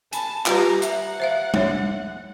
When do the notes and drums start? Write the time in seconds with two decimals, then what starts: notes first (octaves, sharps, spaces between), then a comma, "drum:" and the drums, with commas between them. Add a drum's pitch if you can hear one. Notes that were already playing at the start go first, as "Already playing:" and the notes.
0.13 G#5 A5 B5, drum: hi-hat
0.46 G3 F4 B4 A#5, drum: clap
0.82 E5 F#5, drum: hi-hat
1.20 C5 E5 F5
1.54 D4 C#5 E5, drum: tom